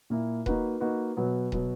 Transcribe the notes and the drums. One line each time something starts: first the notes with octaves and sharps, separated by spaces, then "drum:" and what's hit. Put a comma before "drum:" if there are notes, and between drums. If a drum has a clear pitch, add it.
A#2 A#3 E4
A#3 D#4 F#4 B4, drum: kick D#1
A#3 D#4 F#4 B4
B2 F#3 B3
B2 F#3 B3, drum: kick D#1